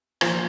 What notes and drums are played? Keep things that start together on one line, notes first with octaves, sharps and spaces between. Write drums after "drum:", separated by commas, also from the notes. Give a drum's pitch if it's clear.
A#2 F3 C5, drum: rim click